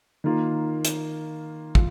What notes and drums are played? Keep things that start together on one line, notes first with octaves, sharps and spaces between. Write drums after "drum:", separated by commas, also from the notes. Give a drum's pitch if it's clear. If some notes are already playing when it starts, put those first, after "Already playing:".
D#3 A#3 F4
drum: hi-hat
F4, drum: kick